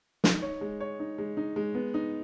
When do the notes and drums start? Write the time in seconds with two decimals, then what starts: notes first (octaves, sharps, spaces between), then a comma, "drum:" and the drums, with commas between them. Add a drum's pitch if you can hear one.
0.24 D#4, drum: snare
0.42 C#5
0.61 G#3
0.80 C#5
1.00 D#4
1.18 G#3
1.37 D#4
1.56 G#3
1.74 B3
1.94 D#4